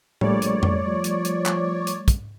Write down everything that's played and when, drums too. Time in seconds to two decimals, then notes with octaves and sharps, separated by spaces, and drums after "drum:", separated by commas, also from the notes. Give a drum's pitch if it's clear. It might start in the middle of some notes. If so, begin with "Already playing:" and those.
0.21 A#1 G3 A3 C#5 D5, drum: tom A2
0.42 drum: hi-hat
0.63 drum: tom F2
0.87 F3
1.04 drum: hi-hat
1.25 drum: hi-hat
1.46 drum: clap
1.87 drum: hi-hat
2.08 drum: kick, hi-hat